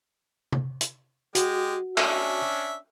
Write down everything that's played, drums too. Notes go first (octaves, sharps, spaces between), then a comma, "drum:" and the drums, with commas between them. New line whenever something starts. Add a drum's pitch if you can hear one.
drum: tom
drum: hi-hat
G#3 F#4 G4, drum: hi-hat
C#4 D4 E5, drum: clap